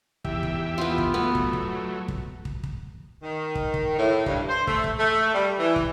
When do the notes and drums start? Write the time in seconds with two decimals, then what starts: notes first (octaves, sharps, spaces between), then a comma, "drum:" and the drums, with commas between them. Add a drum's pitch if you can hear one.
0.25 E2 G4 E5, drum: kick
0.43 drum: kick
0.78 B3 F4
0.98 drum: kick
1.14 F#3 A3 B3
1.35 drum: kick
1.53 drum: kick
2.08 drum: kick
2.45 drum: kick
2.63 drum: kick
3.23 D#3
3.55 drum: kick
3.74 drum: kick
3.99 A2
4.26 G2, drum: kick
4.49 C5
4.67 A3, drum: kick
4.84 drum: kick
4.99 A3
5.34 G3
5.59 E3
5.76 drum: kick